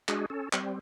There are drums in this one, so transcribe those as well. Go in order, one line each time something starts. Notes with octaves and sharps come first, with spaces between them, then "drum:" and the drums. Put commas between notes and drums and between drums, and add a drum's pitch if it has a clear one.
G#3 D4 F#4 G#4, drum: clap
C#4 A4
G3 C4, drum: clap